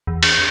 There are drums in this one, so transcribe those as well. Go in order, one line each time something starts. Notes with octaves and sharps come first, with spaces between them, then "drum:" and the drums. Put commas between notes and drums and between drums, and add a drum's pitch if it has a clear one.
E2
drum: cymbal